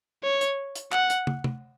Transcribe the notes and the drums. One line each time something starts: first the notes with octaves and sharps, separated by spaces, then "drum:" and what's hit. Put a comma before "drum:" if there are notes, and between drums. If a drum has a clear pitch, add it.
C#5
drum: hi-hat
drum: hi-hat
F#5, drum: clap
drum: hi-hat
drum: tom
drum: tom